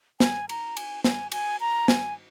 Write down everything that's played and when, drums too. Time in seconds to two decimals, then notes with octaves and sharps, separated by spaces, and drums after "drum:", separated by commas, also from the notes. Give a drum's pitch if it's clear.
0.20 G#5, drum: snare
0.49 A#5, drum: cymbal
0.77 G#5, drum: cymbal
1.04 G#5, drum: snare
1.32 G#5, drum: cymbal
1.61 A#5
1.88 G#5, drum: snare